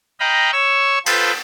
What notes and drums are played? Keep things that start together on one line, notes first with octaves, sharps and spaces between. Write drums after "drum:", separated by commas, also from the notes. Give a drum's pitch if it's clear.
D#5 F5 G5 A#5 B5
C#5 C#6 E6
F4 A4 B4 C5, drum: cymbal